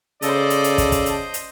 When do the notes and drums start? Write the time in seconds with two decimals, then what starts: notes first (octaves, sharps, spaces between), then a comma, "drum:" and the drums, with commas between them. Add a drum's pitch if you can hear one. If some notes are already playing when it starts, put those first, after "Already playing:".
0.22 C#3 A4 C5 D5 D#5 A5, drum: hi-hat
0.50 drum: hi-hat
0.64 drum: hi-hat
0.78 drum: kick, hi-hat
0.92 drum: kick, hi-hat
1.06 drum: hi-hat
1.34 drum: hi-hat